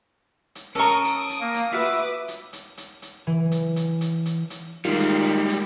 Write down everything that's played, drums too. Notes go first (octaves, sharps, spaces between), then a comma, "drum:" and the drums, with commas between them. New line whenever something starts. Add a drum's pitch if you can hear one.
drum: hi-hat
C#4 A4 A#4 A#5 C#6 D#6 D7
drum: hi-hat
drum: hi-hat
A#3
drum: hi-hat
F4 F#4 B4 E5 D6 D#6
drum: hi-hat
drum: hi-hat
drum: hi-hat
drum: hi-hat
E3
drum: hi-hat
drum: hi-hat
drum: hi-hat
drum: hi-hat
drum: hi-hat
D#3 G3 G#3 F4
drum: hi-hat
drum: hi-hat
drum: hi-hat